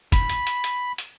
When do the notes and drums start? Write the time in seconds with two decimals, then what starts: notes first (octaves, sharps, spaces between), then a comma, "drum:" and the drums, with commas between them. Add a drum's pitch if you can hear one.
0.12 B5, drum: kick, hi-hat
0.29 drum: hi-hat
0.47 drum: hi-hat
0.64 drum: hi-hat
0.98 drum: hi-hat